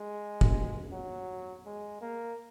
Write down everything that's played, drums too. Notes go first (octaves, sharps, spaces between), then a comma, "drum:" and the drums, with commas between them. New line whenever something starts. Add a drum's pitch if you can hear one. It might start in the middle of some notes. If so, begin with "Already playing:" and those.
Already playing: G#3
drum: kick
F#3
G#3
A#3